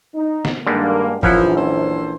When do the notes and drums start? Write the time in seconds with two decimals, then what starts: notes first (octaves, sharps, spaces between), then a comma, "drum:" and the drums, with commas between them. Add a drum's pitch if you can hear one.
0.15 D#4
0.45 drum: snare
0.67 G2 D3 D#3 G3 G#3 A#3
1.23 A#1 F#2 E3 F3 E4 F#5, drum: kick F#1
1.56 C#4 A4 C5